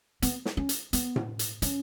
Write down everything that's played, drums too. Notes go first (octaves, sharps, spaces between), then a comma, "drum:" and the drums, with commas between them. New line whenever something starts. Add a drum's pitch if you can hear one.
B3, drum: hi-hat
drum: snare
C#4
drum: hi-hat
B3, drum: hi-hat
drum: tom A2
drum: hi-hat
C#4, drum: hi-hat